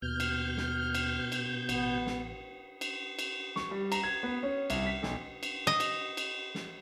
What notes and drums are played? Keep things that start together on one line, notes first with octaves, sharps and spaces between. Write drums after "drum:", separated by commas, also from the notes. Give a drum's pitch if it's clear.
D#2 B2 F6 G6
drum: cymbal
drum: snare
drum: cymbal
drum: cymbal
A1 B3, drum: cymbal
drum: snare
drum: cymbal
drum: cymbal
C#6, drum: snare
G3
A#5, drum: cymbal
G#6
B3
C#4
C2, drum: cymbal
B6
B1, drum: snare
drum: cymbal
D#5
drum: cymbal
drum: cymbal
drum: snare